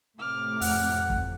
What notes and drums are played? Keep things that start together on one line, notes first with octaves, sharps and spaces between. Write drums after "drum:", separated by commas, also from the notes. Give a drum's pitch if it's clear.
A2 C3 D6 F6
F2 F#5, drum: open hi-hat
drum: kick